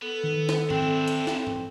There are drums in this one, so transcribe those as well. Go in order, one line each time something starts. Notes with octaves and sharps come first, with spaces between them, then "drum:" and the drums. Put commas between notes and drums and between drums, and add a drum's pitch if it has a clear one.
B3 A4
D#3
drum: snare
C4 D4 E4, drum: tom G#2
drum: hi-hat
C4, drum: snare
drum: tom G#2